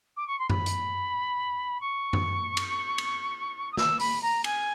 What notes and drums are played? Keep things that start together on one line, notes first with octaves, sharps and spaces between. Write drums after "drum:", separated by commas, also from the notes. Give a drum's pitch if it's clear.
D6
C#6
C6
B5, drum: tom F#2
drum: hi-hat
C#6
drum: tom F#2
drum: cymbal
drum: cymbal
D#6
E6, drum: snare
B5, drum: open hi-hat
A#5
G#5, drum: cymbal